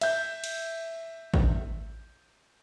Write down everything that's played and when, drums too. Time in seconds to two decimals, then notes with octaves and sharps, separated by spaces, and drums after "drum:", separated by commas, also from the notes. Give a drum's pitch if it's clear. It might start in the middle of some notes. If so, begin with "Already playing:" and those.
0.01 E5 G6, drum: cymbal
0.44 drum: cymbal
1.34 drum: kick A1